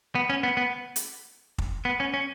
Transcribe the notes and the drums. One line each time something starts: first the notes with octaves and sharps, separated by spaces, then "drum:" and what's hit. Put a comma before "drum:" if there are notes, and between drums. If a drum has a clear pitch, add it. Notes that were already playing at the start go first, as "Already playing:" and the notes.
B3
C#4
B3
B3
drum: hi-hat
drum: kick
B3
C#4
C#4